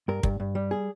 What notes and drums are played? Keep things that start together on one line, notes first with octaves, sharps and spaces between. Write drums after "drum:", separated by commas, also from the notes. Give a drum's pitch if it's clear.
G2 A#4
G2, drum: kick
G2
G3
G#4